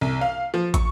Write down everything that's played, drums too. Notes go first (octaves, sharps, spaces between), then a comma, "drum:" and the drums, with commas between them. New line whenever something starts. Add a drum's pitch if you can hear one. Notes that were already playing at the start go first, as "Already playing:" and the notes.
C2
F5
F3
C#6, drum: kick, hi-hat